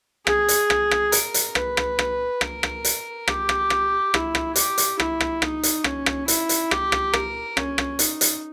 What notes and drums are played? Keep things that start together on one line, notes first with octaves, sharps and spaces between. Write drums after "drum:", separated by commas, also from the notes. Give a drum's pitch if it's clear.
G#4, drum: rim click
drum: hi-hat
drum: rim click
drum: rim click
A#4, drum: hi-hat
drum: hi-hat
B4, drum: rim click
drum: rim click
drum: rim click
A#4, drum: rim click
drum: rim click
drum: hi-hat
G4, drum: rim click
drum: rim click
drum: rim click
E4, drum: rim click
drum: rim click
G4, drum: hi-hat
drum: hi-hat
E4, drum: rim click
drum: rim click
D#4, drum: rim click
drum: hi-hat
C#4, drum: rim click
drum: rim click
E4, drum: hi-hat
drum: hi-hat
G4, drum: rim click
drum: rim click
A#4, drum: rim click
C#4, drum: rim click
drum: rim click
D#4, drum: hi-hat
drum: hi-hat